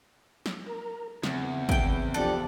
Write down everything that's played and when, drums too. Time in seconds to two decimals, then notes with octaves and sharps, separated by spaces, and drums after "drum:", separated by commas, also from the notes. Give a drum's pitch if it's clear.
0.46 drum: snare
0.66 A#4 A#5
1.23 E2 C#3 C4, drum: snare
1.69 E3 G5, drum: kick
2.14 F3 D4 G4 A4 F#5